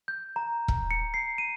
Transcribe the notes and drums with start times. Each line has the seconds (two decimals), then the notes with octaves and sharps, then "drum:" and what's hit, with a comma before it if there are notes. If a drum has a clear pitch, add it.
0.08 G6
0.36 A#5
0.68 drum: kick E1
0.91 C#7
1.14 C7
1.38 D#7